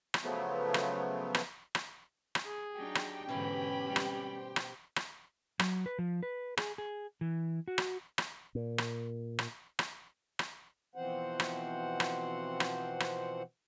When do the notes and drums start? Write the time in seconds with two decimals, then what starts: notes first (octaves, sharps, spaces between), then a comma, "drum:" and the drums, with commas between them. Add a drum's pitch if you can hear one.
0.14 drum: rim click
0.23 C#3 F3 F#3 A3 B3
0.74 drum: rim click
1.35 drum: rim click
1.75 drum: rim click
2.35 drum: rim click
2.44 G#4
2.76 F#3 D4 D#4 G4 G5
2.95 drum: rim click
3.29 G#2 B2 D3 E3 C#4 E4 B5
3.85 G3 C4
3.96 drum: rim click
4.36 C5
4.56 drum: rim click
4.96 drum: rim click
5.59 F#3, drum: rim click
5.86 B4
5.99 F3
6.23 B4
6.57 G#4, drum: rim click
6.78 G#4
7.21 E3
7.68 F#4
7.78 drum: rim click
8.18 drum: rim click
8.55 A#2
8.78 drum: rim click
9.39 drum: rim click
9.79 drum: rim click
10.39 drum: rim click
10.95 B2 E3 F3 C4 C5 F#5
11.40 drum: rim click
12.00 drum: rim click
12.60 drum: rim click
13.00 drum: rim click